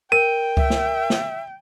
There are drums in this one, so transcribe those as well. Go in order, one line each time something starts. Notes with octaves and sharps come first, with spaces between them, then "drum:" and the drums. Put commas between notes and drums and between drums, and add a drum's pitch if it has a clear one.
A#4 G5 D#7
E5, drum: kick C#2
drum: snare
drum: snare